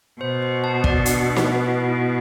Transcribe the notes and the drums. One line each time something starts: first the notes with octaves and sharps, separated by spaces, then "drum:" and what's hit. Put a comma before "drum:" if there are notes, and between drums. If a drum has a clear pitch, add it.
B2 C5
C5
A5
D5, drum: kick
D4, drum: hi-hat
B3
drum: snare
B4
E4
E4